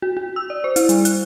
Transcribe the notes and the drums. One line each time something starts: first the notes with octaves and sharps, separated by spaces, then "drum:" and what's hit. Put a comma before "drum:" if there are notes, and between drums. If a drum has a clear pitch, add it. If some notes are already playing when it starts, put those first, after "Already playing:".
F#4
F#4
E6
D5
C5
E4, drum: hi-hat
G3, drum: hi-hat
F#6, drum: hi-hat